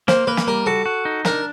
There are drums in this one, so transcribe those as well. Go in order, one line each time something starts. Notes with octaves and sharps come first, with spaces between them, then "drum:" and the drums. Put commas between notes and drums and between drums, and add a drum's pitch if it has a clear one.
A#3 C5, drum: snare
A#3 B4
drum: snare
G3 A#4
F#4 A4
F#4
D#4
D4 A#4, drum: snare